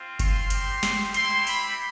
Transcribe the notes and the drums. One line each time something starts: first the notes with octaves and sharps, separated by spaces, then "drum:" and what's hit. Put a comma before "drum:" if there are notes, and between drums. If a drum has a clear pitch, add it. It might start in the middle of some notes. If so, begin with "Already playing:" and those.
Already playing: C4 F4
C6, drum: kick F#1, hi-hat
C4 G4, drum: hi-hat
drum: snare
C4 E4 G4 C6, drum: hi-hat
B5, drum: open hi-hat